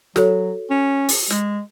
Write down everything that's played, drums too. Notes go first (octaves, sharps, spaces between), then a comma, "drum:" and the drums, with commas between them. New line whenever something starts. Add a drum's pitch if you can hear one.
F#3 F#4 A4 C#5, drum: snare
C#4
drum: open hi-hat
G#3, drum: snare